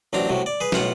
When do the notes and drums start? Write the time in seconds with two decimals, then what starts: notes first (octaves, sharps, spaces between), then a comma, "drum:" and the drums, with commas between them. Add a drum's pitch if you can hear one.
0.13 A1 F#3 C4 D4 A#5
0.30 A2 C3 F#3
0.46 D5
0.61 G#4 B4
0.72 B1 A2 F4 F#5, drum: snare